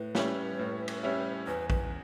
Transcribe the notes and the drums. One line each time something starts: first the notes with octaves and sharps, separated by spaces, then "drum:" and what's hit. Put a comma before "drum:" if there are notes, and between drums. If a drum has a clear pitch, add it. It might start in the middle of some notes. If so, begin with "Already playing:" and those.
Already playing: A2 B4
G3 C#4 E4, drum: snare
A2
drum: cymbal
G3 C#4 E4
E2 B4
B4, drum: kick